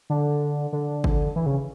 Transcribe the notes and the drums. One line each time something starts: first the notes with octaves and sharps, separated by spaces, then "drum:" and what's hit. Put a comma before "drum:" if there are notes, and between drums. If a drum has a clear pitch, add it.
D3
D3
drum: kick
E3
C#3